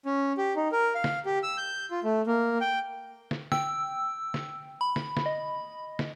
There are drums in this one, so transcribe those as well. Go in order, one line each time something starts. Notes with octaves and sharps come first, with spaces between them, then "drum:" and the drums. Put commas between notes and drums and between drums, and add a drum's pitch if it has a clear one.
C#4
G4
D#4
A#4
F5
drum: snare
G4
E6
G6
F4
A3
A#3
G5
drum: snare
G5 E6, drum: snare
drum: snare
B5
drum: snare
drum: snare
D#5
drum: snare